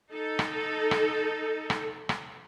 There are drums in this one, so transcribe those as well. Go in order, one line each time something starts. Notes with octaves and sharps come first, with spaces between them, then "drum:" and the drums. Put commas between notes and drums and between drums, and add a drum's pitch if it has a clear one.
D#4 A4
drum: rim click
drum: rim click
drum: rim click
drum: rim click